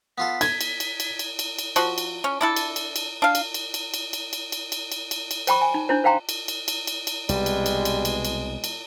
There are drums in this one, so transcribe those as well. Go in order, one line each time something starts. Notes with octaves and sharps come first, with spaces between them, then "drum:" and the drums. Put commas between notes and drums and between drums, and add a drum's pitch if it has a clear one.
B3 F4 A4 B6
A#5 G#6, drum: cymbal
drum: cymbal
drum: cymbal
drum: cymbal
drum: cymbal
drum: cymbal
drum: cymbal
F3 F#4, drum: cymbal
drum: cymbal
C#4
D4 E4 A4
drum: cymbal
drum: cymbal
drum: cymbal
D4 F5
drum: cymbal
drum: cymbal
drum: cymbal
drum: cymbal
drum: cymbal
drum: cymbal
drum: cymbal
drum: cymbal
drum: cymbal
drum: cymbal
drum: cymbal
C5 G5 B5 C#6, drum: cymbal
G#5
D#4
D4 E4 C5
C5 F5 G5 A#5 C6
drum: cymbal
drum: cymbal
drum: cymbal
drum: cymbal
drum: cymbal
C2 B2 G3 G#3, drum: cymbal
drum: cymbal
drum: cymbal
drum: cymbal
drum: cymbal
drum: cymbal
drum: cymbal